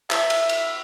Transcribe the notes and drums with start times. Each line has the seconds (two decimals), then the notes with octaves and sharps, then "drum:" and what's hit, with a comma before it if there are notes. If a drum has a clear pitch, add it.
0.11 E5, drum: clap
0.30 drum: cymbal
0.49 drum: cymbal